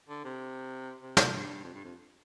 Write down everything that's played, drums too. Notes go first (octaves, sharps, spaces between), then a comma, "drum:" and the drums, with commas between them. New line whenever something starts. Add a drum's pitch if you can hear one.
D3
C3
C3
A#2, drum: snare
G2
F2
G2
F2